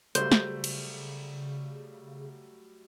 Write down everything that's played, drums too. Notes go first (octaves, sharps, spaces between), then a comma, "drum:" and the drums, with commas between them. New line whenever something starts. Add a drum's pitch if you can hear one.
C#3 F#3 G3 A3 C5, drum: hi-hat
drum: snare
drum: cymbal